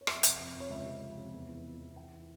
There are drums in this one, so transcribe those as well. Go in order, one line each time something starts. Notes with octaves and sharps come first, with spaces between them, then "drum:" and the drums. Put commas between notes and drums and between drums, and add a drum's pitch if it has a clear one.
C#5
F2 E5, drum: rim click
C3, drum: hi-hat
F2
F2
C#5
C#2 E5
C3
F3
C3
E2
E3
E2
E2
E3 G5
E3